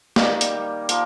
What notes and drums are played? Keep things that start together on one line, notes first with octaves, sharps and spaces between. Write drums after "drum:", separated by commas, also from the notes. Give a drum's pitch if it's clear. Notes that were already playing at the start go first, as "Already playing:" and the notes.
D#3 G3 A#3 G4, drum: snare
drum: hi-hat
F3 A#3, drum: hi-hat